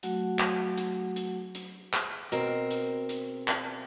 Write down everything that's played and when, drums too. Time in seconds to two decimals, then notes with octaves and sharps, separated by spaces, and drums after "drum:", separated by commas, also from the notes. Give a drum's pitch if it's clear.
0.03 F#3 A3 F#4 F#5, drum: hi-hat
0.39 drum: clap
0.78 drum: hi-hat
1.16 drum: hi-hat
1.55 drum: hi-hat
1.93 drum: clap
2.32 B2 C4 A#4, drum: hi-hat
2.71 drum: hi-hat
3.09 drum: hi-hat
3.48 drum: clap